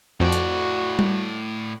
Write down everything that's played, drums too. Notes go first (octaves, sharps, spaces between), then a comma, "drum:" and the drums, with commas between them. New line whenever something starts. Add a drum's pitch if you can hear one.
F2 A2 F3 F#4 D5
drum: hi-hat
drum: tom G3